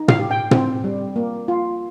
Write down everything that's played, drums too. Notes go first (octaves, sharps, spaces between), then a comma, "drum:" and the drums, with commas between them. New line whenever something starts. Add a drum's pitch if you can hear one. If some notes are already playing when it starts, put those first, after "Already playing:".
Already playing: D#4
F5, drum: tom
G4
G5
C4, drum: tom
G3
A#3
F4